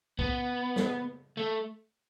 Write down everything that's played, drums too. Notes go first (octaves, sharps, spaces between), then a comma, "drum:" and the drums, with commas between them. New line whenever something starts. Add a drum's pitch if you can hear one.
B3, drum: kick B1
drum: snare
A3